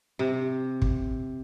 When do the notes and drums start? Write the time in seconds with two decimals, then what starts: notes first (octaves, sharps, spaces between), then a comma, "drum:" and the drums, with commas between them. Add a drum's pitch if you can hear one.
0.19 C3
0.82 drum: kick